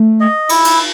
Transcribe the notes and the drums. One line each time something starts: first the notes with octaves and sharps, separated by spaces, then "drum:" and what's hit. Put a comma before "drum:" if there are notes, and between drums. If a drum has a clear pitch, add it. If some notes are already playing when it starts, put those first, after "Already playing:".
Already playing: A3
D#5
E4, drum: cymbal
drum: cymbal